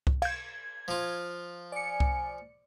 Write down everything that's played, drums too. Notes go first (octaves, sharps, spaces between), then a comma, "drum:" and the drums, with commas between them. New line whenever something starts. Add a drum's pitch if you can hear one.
drum: kick C2
F5 G6 G#6, drum: cymbal
F3 F4
D5 G#5 C#7
drum: kick C2